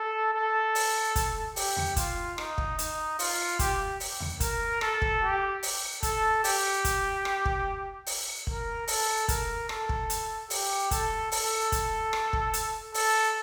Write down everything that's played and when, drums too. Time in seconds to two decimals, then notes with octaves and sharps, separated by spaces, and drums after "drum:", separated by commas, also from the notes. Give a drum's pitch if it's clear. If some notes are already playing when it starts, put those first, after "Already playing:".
Already playing: A4
0.34 A4
0.75 drum: open hi-hat
1.16 drum: kick, hi-hat
1.56 G4, drum: open hi-hat
1.77 drum: tom D#2
1.96 F4, drum: kick, hi-hat
2.38 D#4, drum: rim click
2.58 drum: kick
2.79 D#4, drum: hi-hat
3.19 F4, drum: open hi-hat
3.59 G4, drum: kick, hi-hat
4.00 drum: open hi-hat
4.20 drum: tom D#2
4.40 A#4, drum: kick, hi-hat
4.81 A4, drum: rim click
5.02 drum: kick
5.23 G4
5.63 drum: open hi-hat
6.03 A4, drum: kick, hi-hat
6.44 G4, drum: open hi-hat
6.85 drum: kick, hi-hat
7.25 drum: rim click
7.45 drum: kick
8.06 drum: open hi-hat
8.47 A#4, drum: kick
8.88 A4, drum: open hi-hat
9.28 A#4, drum: kick, hi-hat
9.69 A4, drum: rim click
9.89 drum: kick
10.10 drum: hi-hat
10.50 G4, drum: open hi-hat
10.91 A4, drum: kick, hi-hat
11.32 A4, drum: open hi-hat
11.72 drum: kick, hi-hat
12.13 drum: rim click
12.33 drum: kick
12.53 drum: hi-hat
12.94 A4, drum: open hi-hat